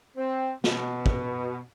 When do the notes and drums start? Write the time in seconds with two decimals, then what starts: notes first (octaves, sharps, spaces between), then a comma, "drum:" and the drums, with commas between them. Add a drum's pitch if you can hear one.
0.17 C4
0.64 B2, drum: snare
1.06 drum: kick